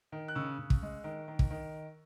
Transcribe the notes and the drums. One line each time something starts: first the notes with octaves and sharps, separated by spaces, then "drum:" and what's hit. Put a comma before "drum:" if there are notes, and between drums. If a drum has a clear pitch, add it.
D#3
F#6
C#3 C#6 E6
C#3
drum: kick
G#3
D#3
D#3
drum: kick
D#3